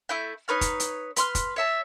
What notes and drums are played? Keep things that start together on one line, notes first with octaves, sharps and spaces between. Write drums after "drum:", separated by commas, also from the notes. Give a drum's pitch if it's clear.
A3 E4 G6
D#4 B4 C#5 F6
drum: kick, hi-hat
drum: hi-hat
B4 C6 F6, drum: hi-hat
drum: kick, hi-hat
C#5 E5 A5